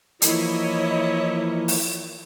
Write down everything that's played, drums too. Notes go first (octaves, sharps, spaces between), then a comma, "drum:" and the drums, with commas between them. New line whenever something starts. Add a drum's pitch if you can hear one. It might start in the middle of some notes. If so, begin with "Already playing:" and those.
E3 F3 A#3 E4 C#5 D#5, drum: hi-hat
drum: open hi-hat